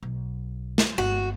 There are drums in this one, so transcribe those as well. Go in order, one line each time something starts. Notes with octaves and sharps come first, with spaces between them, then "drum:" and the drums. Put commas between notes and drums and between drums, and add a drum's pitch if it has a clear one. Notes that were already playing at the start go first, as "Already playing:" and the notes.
B1
drum: snare
G1 F#4